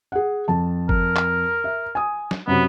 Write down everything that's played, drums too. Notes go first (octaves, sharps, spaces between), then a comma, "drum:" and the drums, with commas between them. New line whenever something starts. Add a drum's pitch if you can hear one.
G#4 F#5
F2 A5
A#4, drum: kick F#1
drum: clap
E5
G#5 D#6
drum: snare
F#2 C3 F#3 B3